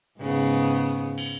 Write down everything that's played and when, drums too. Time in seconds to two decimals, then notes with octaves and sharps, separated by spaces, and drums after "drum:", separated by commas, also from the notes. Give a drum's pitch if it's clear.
0.20 G#2 C#3 B3
1.18 drum: cymbal